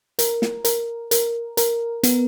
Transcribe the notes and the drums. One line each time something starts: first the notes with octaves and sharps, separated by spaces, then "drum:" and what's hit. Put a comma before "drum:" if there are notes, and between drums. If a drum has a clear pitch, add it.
A#4, drum: hi-hat
drum: snare
A#4, drum: hi-hat
A#4, drum: hi-hat
A#4, drum: hi-hat
B3, drum: hi-hat